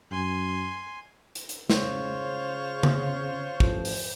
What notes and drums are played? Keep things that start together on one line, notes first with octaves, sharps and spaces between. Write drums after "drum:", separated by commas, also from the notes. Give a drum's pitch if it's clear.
F#2 G#5 C6
drum: hi-hat
drum: hi-hat
C#3 F4 C5 C#5, drum: snare
drum: tom C#3
A1 F3, drum: kick
drum: open hi-hat